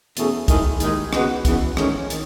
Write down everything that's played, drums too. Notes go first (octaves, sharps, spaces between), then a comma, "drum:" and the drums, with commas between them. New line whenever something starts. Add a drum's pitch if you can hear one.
E2 B2 A3 C#4 G#4, drum: hi-hat
G#2 D#3 A3 E4 G#4, drum: kick, hi-hat
D#2 D#3 G#3 D#4, drum: hi-hat
C#3 G#3 B3 F#4 B4, drum: rim click
E2 C#3 E3 B3, drum: kick, hi-hat
G#2 D#3 A3 C#4, drum: rim click
D#3, drum: hi-hat